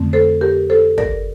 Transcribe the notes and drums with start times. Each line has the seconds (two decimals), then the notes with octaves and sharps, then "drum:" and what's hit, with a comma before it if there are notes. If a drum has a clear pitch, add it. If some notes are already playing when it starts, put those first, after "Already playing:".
Already playing: F2 D3 A3 C4
0.13 A4 C5
0.41 G4 A#4
0.70 A4 C5
0.98 A#4 D5, drum: kick